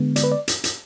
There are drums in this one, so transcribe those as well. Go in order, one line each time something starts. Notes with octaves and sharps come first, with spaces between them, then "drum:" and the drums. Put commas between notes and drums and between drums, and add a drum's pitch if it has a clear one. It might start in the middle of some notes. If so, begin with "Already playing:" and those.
Already playing: D3 G#3 B3
D5, drum: hi-hat
B4
D5
drum: hi-hat
drum: hi-hat